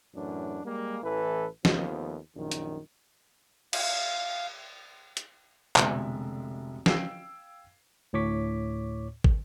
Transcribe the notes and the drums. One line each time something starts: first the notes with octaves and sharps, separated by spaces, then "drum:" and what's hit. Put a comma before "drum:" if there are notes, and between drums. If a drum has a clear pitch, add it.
F#2 A2 E3 D4
G3 G#3 A#3
A1 E3 A4 B4
D#2 F3 A3 B3, drum: snare
A#1 F#2 D#3
drum: hi-hat
F5, drum: cymbal
drum: hi-hat
F1 B1 D3 G#3 D5 E5, drum: clap
F5 G5 E6 G#6 C7 D7, drum: snare
D2 A2 C#5 C#6 D6 B6
drum: kick